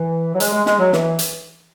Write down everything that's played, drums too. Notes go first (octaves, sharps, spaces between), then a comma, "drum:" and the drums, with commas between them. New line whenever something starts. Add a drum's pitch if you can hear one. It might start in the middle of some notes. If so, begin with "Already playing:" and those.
Already playing: E3
F#3
G#3, drum: hi-hat
G#3
G#3, drum: snare
F#3
E3, drum: snare
drum: hi-hat